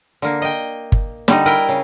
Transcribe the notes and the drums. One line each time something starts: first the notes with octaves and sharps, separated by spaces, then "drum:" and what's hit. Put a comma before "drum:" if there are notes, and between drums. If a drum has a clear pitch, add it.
D3 A#3
D#5 G5
drum: kick G1
D3 G3 D#4, drum: snare
E4 A#4 D#5 G5
C#3